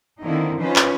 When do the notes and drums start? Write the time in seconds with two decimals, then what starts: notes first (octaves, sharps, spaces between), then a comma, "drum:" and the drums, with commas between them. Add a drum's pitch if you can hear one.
0.24 D3 D#3 A#3 C4 D#4 E4
0.61 F3 C#4 D#4 F4 B4 C5
0.76 drum: clap